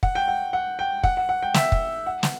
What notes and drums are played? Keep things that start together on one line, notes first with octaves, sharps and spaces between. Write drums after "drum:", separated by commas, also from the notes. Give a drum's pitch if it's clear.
F#5, drum: kick
G5
F#5
F#5
G5
F#5, drum: kick
F#5
F#5
G5
E5, drum: snare
drum: kick
F#5
drum: snare